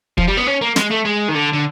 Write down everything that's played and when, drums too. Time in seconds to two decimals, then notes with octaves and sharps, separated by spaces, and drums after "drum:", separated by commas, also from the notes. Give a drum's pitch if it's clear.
0.18 F3, drum: kick
0.27 G3
0.37 B3
0.47 C#4
0.61 A#3
0.76 G#3, drum: snare
0.90 A3
1.05 G#3
1.28 D#3
1.34 D3
1.53 D3